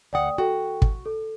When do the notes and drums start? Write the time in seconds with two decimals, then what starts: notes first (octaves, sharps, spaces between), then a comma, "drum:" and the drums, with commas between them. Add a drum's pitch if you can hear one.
0.13 D2 D5 F#5 G5 D#6
0.38 F#4 A4 G5
0.82 drum: kick
1.06 A4